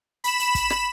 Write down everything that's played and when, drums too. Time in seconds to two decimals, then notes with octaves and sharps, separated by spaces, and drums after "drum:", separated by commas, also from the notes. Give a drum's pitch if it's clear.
0.24 B5 E7, drum: hi-hat
0.39 drum: hi-hat
0.55 drum: kick, hi-hat
0.70 drum: rim click